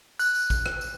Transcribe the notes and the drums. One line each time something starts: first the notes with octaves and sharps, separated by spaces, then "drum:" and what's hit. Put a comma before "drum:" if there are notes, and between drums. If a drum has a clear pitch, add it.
F#6, drum: tambourine
drum: tambourine
drum: kick A1, tambourine
drum: rim click
drum: tambourine